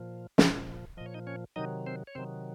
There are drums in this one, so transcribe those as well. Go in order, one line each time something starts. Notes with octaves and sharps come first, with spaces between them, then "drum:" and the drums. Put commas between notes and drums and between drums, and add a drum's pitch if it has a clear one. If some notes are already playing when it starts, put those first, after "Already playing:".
Already playing: A#2 F3
A#2 F3, drum: snare
A#2 F3 D#5
C#5
D#4 D#5
C#4 C#5
C3 D#3 F#3 D#4 D#5
C4 C5
C#5
C3 D#3 F#3 C4 C5